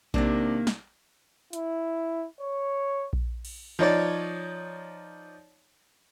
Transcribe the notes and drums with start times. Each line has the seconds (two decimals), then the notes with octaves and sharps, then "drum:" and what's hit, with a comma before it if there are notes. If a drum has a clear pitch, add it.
0.14 C3 D#3 A#3 D4, drum: kick A#1
0.67 drum: snare
1.53 E4, drum: hi-hat
2.41 C#5
3.13 drum: kick A#1
3.45 drum: cymbal
3.79 F3 D#4 C#5 D5